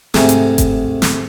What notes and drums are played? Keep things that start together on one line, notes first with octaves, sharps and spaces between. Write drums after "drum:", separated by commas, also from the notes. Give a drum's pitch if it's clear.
G#2 C3 A3 G#5 A#5, drum: snare
drum: hi-hat
drum: kick G1, hi-hat
drum: snare